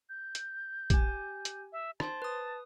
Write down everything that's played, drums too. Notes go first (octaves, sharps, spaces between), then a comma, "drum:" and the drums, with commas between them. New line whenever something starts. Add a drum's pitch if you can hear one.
G6
drum: hi-hat
G4 G#5, drum: kick, hi-hat
drum: hi-hat
E5
C5 A5 C6, drum: rim click
B4 D#6